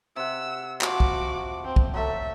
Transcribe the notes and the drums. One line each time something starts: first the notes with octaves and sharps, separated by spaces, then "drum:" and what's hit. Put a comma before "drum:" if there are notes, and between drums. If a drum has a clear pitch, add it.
C3 F#5 E6
F3 F#4 D6, drum: clap
drum: kick
C4
drum: kick
F#3 A3 A4 E5